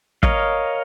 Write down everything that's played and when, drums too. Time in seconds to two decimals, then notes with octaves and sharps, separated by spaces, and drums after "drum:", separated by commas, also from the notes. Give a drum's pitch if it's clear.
0.23 A#4 C#5 D#5 F5, drum: kick